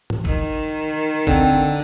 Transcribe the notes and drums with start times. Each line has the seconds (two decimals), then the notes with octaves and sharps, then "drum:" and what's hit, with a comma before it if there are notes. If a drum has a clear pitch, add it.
0.10 drum: tom G#2
0.25 D#3, drum: kick
1.27 D3 C4, drum: kick